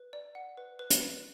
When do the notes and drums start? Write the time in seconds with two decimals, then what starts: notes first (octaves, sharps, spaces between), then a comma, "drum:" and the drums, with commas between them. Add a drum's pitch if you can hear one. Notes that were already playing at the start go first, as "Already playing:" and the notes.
Already playing: B4
0.13 D5
0.35 F#5
0.57 B4
0.79 B4
0.90 drum: hi-hat
1.01 B4